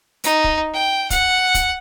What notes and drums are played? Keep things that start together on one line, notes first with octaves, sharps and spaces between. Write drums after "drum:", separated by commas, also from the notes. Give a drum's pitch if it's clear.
D#4, drum: hi-hat
drum: kick
G5
F#5, drum: kick, hi-hat
drum: kick, hi-hat